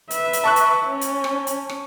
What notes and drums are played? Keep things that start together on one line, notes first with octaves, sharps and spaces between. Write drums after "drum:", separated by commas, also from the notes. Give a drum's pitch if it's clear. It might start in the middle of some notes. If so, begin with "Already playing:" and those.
B4 E5, drum: hi-hat
drum: hi-hat
A5 C#6 F#6
drum: hi-hat
C#4
drum: hi-hat
drum: rim click
drum: hi-hat
drum: rim click